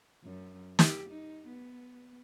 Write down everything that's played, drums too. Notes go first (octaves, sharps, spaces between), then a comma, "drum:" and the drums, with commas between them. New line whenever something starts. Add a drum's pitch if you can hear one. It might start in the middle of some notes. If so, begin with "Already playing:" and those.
F#2
G4, drum: snare
D#4
B3